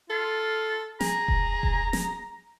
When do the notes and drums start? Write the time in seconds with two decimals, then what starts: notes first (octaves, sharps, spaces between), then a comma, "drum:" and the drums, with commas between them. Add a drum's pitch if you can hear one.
0.10 F4 A4
1.01 G#4 A#5, drum: snare
1.28 drum: kick E1
1.63 drum: kick E1
1.93 drum: snare